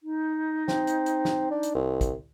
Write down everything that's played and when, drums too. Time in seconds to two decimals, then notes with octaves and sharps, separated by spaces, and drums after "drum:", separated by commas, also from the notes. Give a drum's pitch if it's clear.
0.01 D#4
0.68 C4, drum: snare
0.87 drum: hi-hat
1.06 drum: hi-hat
1.25 drum: snare
1.51 D4
1.63 drum: hi-hat
1.75 C2
2.01 drum: kick, hi-hat